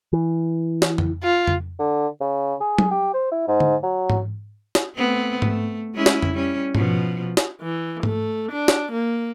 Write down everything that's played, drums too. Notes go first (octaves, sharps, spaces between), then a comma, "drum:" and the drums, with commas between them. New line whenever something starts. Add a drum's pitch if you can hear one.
E3
drum: snare
drum: tom F2
F4
drum: tom F2
D3
C#3
G#4
drum: tom F#3
G4
C5
E4
G#2
drum: tom D3
F#3
drum: tom G#2
drum: snare
A3 B3 C4
A3, drum: tom G#2
G#3 C#4 E4
drum: snare
drum: tom F2
G3 C#4
B2 F3, drum: tom G#2
drum: snare
E3
A3, drum: tom G#2
D4
drum: snare
A#3